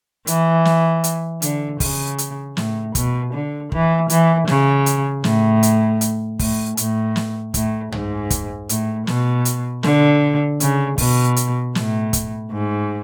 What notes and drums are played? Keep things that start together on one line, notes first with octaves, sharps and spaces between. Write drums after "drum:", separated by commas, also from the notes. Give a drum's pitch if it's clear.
E3, drum: hi-hat
drum: snare
drum: hi-hat
D3, drum: hi-hat
C#3, drum: kick, open hi-hat
drum: hi-hat
A2, drum: snare
B2, drum: kick, hi-hat
D3
E3, drum: kick
E3, drum: hi-hat
C#3, drum: snare
drum: hi-hat
A2, drum: snare
drum: hi-hat
drum: hi-hat
A2, drum: kick, open hi-hat
A2, drum: hi-hat
drum: snare
A2, drum: kick, hi-hat
G#2, drum: tom
drum: kick, hi-hat
A2, drum: hi-hat
B2, drum: snare
drum: hi-hat
D3, drum: snare
C#3, drum: hi-hat
B2, drum: kick, open hi-hat
drum: hi-hat
A2, drum: snare
drum: kick, hi-hat
G#2